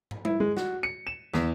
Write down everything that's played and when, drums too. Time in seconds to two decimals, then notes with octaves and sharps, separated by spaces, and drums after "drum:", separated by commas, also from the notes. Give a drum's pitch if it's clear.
0.11 drum: tom
0.25 E4, drum: tom G3
0.40 G#3
0.57 F#4, drum: snare
0.83 C#7
1.07 E7
1.34 E2, drum: snare